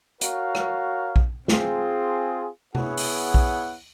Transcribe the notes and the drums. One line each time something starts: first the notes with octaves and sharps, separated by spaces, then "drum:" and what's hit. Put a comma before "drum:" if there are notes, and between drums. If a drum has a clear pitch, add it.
F#4 A#4 C#5 F5, drum: hi-hat
drum: rim click
drum: kick A#1
C4 F4 G#4, drum: snare
B3 E4 G#4 C#5 F#5, drum: tom C3
drum: open hi-hat
drum: kick A#1